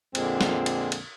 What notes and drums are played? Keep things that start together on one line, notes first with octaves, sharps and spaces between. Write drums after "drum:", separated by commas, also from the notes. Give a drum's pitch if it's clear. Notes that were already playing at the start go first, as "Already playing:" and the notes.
F2 A#2 D3 G#3 C4, drum: cymbal
drum: snare
drum: cymbal
drum: cymbal